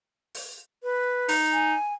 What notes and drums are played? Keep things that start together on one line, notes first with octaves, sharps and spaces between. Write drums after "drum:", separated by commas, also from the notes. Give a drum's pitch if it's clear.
drum: open hi-hat
B4
D#4, drum: open hi-hat
G#5